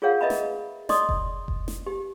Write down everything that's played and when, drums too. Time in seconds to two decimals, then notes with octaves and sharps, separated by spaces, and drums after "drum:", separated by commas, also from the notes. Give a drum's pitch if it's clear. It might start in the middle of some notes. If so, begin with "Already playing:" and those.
0.02 F4 G#4 A#4 C#5 F5 F#5
0.21 A#4 B4 D#5 E5 A#5 B5
0.30 drum: snare
0.89 D5 D#5 C6 D6 D#6, drum: snare
1.09 drum: kick F1
1.48 drum: kick F1
1.68 drum: snare
1.86 G4